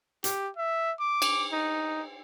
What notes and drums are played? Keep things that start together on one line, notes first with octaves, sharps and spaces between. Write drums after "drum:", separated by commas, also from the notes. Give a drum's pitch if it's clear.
G4, drum: hi-hat
E5
D6
drum: cymbal
D#4